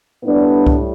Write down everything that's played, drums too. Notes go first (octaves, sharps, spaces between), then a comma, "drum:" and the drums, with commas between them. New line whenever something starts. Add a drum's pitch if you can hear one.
A2 G3 B3 D4
drum: kick C2